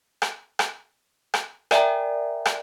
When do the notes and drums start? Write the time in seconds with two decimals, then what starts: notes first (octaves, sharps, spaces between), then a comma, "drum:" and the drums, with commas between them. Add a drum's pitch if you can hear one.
0.22 drum: rim click
0.59 drum: rim click
1.34 drum: rim click
1.71 A#4 D5 E5 G5 G#5 A#5, drum: rim click
2.46 drum: rim click